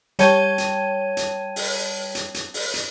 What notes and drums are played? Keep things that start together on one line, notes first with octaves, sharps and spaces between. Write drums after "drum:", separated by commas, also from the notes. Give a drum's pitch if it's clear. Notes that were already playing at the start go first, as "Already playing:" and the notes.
G3 C#5 G5 A5 G#6 D#7, drum: hi-hat
drum: hi-hat
drum: hi-hat
drum: open hi-hat
drum: hi-hat
drum: hi-hat
drum: open hi-hat
drum: hi-hat